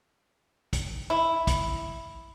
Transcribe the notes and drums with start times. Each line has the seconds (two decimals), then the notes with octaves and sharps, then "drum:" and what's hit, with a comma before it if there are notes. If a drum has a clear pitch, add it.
0.73 drum: kick, hi-hat
1.10 E4
1.47 drum: kick, hi-hat